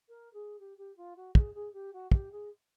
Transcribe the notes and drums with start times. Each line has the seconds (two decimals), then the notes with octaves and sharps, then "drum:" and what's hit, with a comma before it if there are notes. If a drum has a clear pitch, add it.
0.08 A#4
0.33 G#4
0.59 G4
0.77 G4
0.96 F4
1.16 F#4
1.35 G#4, drum: kick
1.54 G#4
1.73 G4
1.93 F#4
2.12 G4, drum: kick
2.31 G#4